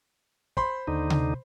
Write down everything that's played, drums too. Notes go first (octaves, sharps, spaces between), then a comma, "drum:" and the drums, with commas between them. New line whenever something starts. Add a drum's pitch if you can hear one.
C5 B5 C6, drum: kick
D#2 D3 D#4
drum: tom C3